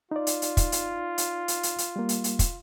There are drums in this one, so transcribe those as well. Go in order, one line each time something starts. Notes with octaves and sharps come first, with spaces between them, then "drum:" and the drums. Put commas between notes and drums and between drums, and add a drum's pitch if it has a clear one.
D#4 F4 D5
drum: hi-hat
drum: hi-hat
drum: kick, hi-hat
drum: hi-hat
drum: hi-hat
drum: hi-hat
drum: hi-hat
drum: hi-hat
G3 A#3
drum: hi-hat
drum: hi-hat
drum: kick, hi-hat